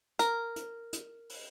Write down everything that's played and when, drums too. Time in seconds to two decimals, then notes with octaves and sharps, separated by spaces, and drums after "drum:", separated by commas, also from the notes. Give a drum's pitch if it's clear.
0.19 A#4, drum: hi-hat
0.56 drum: hi-hat
0.93 drum: hi-hat
1.29 drum: open hi-hat